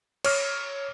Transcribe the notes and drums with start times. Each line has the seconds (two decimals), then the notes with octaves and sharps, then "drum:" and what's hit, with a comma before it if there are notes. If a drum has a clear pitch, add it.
0.24 C#5 F6, drum: cymbal